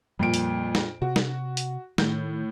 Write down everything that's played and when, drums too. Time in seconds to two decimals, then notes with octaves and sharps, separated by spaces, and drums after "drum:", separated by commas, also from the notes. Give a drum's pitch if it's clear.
0.19 F2 A#2 G3 D7
0.34 drum: hi-hat
0.75 drum: snare
1.02 C3 F#4
1.16 drum: snare
1.57 drum: hi-hat
1.98 A2 D#3 G6, drum: snare